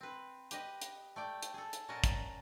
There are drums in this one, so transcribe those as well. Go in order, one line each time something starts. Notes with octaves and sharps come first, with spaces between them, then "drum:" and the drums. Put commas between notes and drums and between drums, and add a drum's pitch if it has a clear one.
C4 B4
G4 B4 D#5, drum: hi-hat
drum: hi-hat
A3 D5 G5
drum: hi-hat
G#4 A4
drum: hi-hat
A#2 C#4 A#4 D#5 F#5 A5
drum: kick, hi-hat